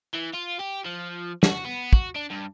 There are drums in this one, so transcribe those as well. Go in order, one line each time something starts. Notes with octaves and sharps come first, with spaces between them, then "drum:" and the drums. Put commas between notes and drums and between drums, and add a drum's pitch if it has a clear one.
E3
F4
G4
F3
F#4, drum: snare
B3
F#4, drum: kick
D4
G2